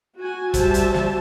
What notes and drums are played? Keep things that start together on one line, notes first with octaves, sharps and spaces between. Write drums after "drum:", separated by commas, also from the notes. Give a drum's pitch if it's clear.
F#4 G#5
G3 F#4 C5 E5 A5, drum: kick, hi-hat
drum: hi-hat
drum: snare